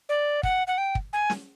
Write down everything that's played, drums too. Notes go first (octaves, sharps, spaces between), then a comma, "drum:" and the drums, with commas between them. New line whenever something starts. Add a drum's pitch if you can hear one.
D5
F#5, drum: kick
F#5
G5
drum: kick
G#5
drum: snare